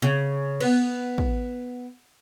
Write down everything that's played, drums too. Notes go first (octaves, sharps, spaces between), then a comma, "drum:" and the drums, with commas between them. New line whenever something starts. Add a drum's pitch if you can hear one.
C#3
B3, drum: cymbal
drum: kick